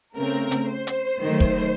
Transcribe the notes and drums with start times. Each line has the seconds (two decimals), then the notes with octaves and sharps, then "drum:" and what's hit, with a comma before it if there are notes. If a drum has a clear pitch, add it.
0.15 C#3 A3 C4 A#4
0.51 drum: hi-hat
0.69 C5
0.87 drum: hi-hat
1.22 D#3 F#3 A3
1.40 drum: kick